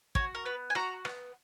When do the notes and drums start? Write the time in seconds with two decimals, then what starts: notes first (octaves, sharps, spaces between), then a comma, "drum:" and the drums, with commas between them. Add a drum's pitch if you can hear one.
0.15 F#4 C#5, drum: kick
0.35 A#4
0.45 B3 B4
0.70 G#5
0.75 F#4 A#5, drum: rim click
1.05 B3, drum: rim click